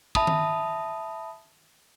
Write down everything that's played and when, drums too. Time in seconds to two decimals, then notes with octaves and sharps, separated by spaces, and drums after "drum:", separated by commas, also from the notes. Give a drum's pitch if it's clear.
0.15 E5 A5 B5 D#6, drum: kick
0.27 drum: tom D#3